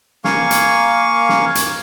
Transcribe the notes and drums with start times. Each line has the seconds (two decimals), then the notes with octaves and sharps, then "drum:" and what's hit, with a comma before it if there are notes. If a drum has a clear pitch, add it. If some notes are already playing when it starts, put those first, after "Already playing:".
0.24 A#3 F5 G#5 C#6, drum: snare
0.51 drum: hi-hat
1.29 drum: snare
1.55 drum: hi-hat